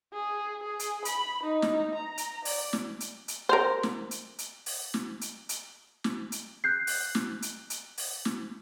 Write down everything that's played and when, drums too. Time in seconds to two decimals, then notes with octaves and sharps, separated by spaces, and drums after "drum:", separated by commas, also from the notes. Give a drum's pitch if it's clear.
0.13 G#4
0.63 G#4
0.79 drum: hi-hat
1.05 B5, drum: hi-hat
1.43 D#4
1.62 drum: snare
1.95 A#5
2.18 drum: hi-hat
2.45 D5, drum: open hi-hat
2.73 drum: snare
3.00 drum: hi-hat
3.28 drum: hi-hat
3.49 A#4 C5
3.83 drum: snare
4.11 drum: hi-hat
4.39 drum: hi-hat
4.66 drum: open hi-hat
4.94 drum: snare
5.21 drum: hi-hat
5.49 drum: hi-hat
6.04 drum: snare
6.32 drum: hi-hat
6.64 F#6 G6 C7
6.87 drum: open hi-hat
7.15 drum: snare
7.42 drum: hi-hat
7.70 drum: hi-hat
7.98 drum: open hi-hat
8.25 drum: snare